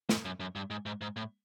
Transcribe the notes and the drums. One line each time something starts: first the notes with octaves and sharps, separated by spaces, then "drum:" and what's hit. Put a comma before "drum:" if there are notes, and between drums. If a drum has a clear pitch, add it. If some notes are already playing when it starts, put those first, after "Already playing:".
G#2, drum: snare
F#2
F#2
G2
G#2
G#2
G#2
A2